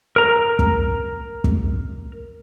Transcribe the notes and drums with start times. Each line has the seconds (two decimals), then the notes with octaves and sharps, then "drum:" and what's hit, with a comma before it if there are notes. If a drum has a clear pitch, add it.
0.16 A#4 A#5
0.59 drum: kick
1.44 drum: kick